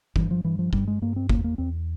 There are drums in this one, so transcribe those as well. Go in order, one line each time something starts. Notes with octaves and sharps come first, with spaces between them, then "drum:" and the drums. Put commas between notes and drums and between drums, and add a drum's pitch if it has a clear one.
G2 E3, drum: kick G1
F3
G2 E3
F3
G2 G3, drum: kick G1
G#3
G2 A#3
C4
E2 A#3, drum: kick G1
A#3
E2 C4